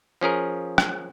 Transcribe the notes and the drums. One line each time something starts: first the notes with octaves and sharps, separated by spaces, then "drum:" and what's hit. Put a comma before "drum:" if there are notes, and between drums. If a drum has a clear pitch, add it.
F3 C#4 G#4 A#4
drum: rim click